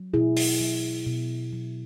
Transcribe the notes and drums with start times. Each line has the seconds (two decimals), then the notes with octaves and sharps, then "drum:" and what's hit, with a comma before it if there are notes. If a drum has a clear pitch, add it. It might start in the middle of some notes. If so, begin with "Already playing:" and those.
Already playing: F#3
0.14 B2 E4 G#4
0.37 drum: open hi-hat
0.61 F#3
1.06 B2
1.53 F#3